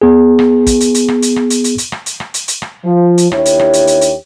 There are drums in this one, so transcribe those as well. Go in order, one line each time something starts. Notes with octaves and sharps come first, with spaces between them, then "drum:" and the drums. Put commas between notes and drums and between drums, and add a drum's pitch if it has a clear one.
B3 G#4
drum: rim click
drum: kick, hi-hat
drum: hi-hat
drum: hi-hat
drum: rim click
drum: hi-hat
drum: rim click
drum: hi-hat
drum: hi-hat
drum: hi-hat
drum: rim click
drum: hi-hat
drum: rim click
drum: hi-hat
drum: hi-hat
drum: rim click
F3
drum: hi-hat
D#2 D4 E4 G4 C#5, drum: rim click
drum: hi-hat
drum: rim click
drum: hi-hat
drum: hi-hat
drum: hi-hat